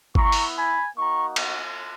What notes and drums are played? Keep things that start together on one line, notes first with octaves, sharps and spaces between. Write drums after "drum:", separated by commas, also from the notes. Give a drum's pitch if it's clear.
B3 E4 A#5 C#6, drum: kick G1
drum: open hi-hat
G#5 B5
A#3 D#4 F#4 A#5 C#6
drum: cymbal